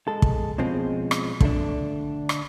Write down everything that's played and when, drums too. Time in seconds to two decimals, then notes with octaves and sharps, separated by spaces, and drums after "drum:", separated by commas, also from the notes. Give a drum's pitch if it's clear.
0.08 G#3 A4
0.22 drum: kick
0.58 B2 F3 G#3 C4 C#4
1.11 drum: rim click
1.41 D3 A3 D4, drum: kick
2.29 drum: rim click